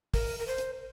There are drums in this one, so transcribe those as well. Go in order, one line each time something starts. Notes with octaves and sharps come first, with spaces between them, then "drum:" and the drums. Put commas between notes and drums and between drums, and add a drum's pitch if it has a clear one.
A#4, drum: kick, open hi-hat
A#4
C5
drum: hi-hat